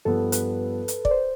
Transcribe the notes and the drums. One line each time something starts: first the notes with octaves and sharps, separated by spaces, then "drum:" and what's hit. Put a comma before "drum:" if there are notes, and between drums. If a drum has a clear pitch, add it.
G2 F3 B3 A4
B4, drum: hi-hat
drum: hi-hat
D5, drum: kick
C5